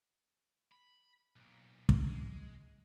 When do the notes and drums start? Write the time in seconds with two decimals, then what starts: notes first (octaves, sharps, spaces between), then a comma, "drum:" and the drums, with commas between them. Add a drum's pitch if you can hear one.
0.72 B5
1.36 B1 A#2
1.89 drum: kick
2.07 G#3